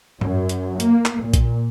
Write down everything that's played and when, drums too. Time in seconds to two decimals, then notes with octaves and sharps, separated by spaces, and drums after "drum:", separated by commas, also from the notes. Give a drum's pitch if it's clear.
0.21 F#2, drum: tom G#2
0.49 drum: hi-hat
0.80 A#3, drum: hi-hat
1.05 drum: clap
1.23 A#2
1.34 drum: kick A#1, hi-hat